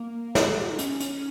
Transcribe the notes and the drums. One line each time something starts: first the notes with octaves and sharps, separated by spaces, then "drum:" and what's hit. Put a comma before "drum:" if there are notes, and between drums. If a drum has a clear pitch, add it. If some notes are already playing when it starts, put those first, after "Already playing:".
Already playing: A#3
C4, drum: snare
G#4
G4
F4
D#4
C#4, drum: hi-hat
drum: hi-hat